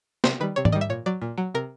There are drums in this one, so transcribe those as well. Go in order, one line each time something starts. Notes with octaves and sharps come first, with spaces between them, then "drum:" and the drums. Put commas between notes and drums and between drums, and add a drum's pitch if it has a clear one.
C3 C5, drum: snare
D#3 G3 B4
C3 C#5
D5, drum: tom G#2
D#3 G3 D#5
E5
A#2 C#5
F#3 D5
A#2
F#3
C3 A#4